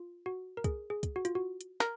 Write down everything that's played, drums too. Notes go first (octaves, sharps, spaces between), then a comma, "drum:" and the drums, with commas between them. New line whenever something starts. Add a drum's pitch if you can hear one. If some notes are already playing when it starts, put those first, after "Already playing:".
Already playing: F4
F#4
A#4
G#4, drum: kick, hi-hat
G#4
drum: kick, hi-hat
F#4
F4, drum: hi-hat
F#4
drum: hi-hat
A#4, drum: snare